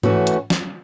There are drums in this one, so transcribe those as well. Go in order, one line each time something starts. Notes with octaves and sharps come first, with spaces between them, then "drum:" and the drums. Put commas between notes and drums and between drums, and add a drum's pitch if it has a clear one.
E3 A3 C#4 F#4, drum: tom G#2
drum: hi-hat
drum: snare